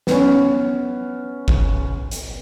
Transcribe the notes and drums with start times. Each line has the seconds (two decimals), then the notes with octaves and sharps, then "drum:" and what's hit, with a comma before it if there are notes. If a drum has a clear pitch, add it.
0.07 B3 C#4, drum: snare
1.48 drum: kick G1
2.11 drum: hi-hat